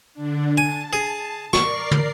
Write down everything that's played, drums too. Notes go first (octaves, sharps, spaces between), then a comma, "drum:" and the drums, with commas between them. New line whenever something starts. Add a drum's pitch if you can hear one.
D3 D4
G#5 A5
G#4
A#4 D5 C#6 C7, drum: snare
drum: tom